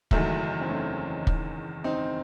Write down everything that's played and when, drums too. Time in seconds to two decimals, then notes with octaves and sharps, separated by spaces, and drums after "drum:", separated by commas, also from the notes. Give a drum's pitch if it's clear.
0.11 F#1 E2 D#3 F#3 G#3 A3, drum: kick
0.60 C4
0.68 A3 C#4
1.27 drum: kick
1.84 C4 D#4